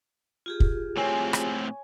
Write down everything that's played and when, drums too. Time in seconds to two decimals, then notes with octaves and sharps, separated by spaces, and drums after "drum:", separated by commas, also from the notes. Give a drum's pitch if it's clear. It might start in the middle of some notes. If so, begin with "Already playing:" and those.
0.46 F4 G4 G#4
0.60 drum: kick
0.97 A2 C4 C#5 G#5
1.33 drum: rim click